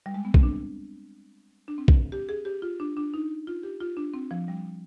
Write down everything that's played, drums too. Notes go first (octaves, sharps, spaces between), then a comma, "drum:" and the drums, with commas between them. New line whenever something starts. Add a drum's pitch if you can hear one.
G3
G#3
B3
C4, drum: kick
D4
D4
C4
drum: kick
G4
G#4
G4
F4
D4
D4
D#4
F4
G4
F4
D4
C4
F3
G3